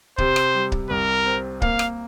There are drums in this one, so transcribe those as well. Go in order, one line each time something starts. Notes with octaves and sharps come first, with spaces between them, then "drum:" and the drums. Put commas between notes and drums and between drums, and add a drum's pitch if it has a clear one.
C3 C5, drum: kick C#1
drum: rim click
G3
drum: kick C#1
C2 A#4
C4
A#3 F5, drum: kick C#1
drum: rim click